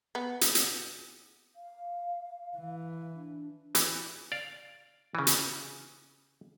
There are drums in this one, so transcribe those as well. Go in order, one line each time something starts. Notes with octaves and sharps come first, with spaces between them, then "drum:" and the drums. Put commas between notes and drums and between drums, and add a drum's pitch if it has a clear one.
B3
drum: hi-hat
drum: hi-hat
F5
E3
D4
E3, drum: hi-hat
D5 F5
C#3 E3
drum: hi-hat